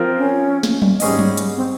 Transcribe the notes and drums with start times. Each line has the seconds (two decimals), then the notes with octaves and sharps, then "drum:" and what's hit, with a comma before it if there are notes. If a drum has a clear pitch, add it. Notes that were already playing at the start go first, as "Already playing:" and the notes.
Already playing: F3 C4 F4 A#4
0.18 C#4
0.63 drum: snare
0.82 drum: tom F#3
1.00 G#2 G3 C#4 G#4 D#5, drum: open hi-hat
1.19 drum: tom F#3
1.37 drum: hi-hat
1.56 C4